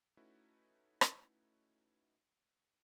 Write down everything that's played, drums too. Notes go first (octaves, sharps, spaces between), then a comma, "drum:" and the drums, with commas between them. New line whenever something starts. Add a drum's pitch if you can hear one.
A3 C#4 D#4 E4 F#4 B4
drum: rim click